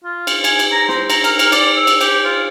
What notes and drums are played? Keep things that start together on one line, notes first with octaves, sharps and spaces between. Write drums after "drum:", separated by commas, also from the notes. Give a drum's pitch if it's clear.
F4
drum: cymbal
G#5, drum: cymbal
drum: cymbal
A#5
C5, drum: snare
A#5, drum: cymbal
A#4, drum: cymbal
A#4, drum: cymbal
D5, drum: cymbal
E6
drum: cymbal
G4, drum: cymbal
F4